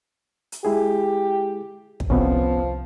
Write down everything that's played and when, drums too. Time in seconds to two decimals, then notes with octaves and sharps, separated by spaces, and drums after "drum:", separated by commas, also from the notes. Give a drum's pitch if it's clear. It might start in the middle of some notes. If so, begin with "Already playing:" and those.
0.52 drum: hi-hat
0.65 G#3 E4 G4 G#4
2.00 drum: kick
2.10 C2 F2 C3 F3 B3 C#4